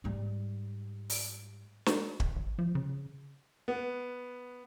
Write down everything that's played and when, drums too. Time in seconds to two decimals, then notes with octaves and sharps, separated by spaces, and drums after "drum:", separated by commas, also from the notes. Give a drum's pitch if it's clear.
0.04 G#2 G3
1.10 drum: open hi-hat
1.86 drum: snare
2.20 drum: kick
2.36 G#1
2.59 F3
2.75 C#3
3.68 B3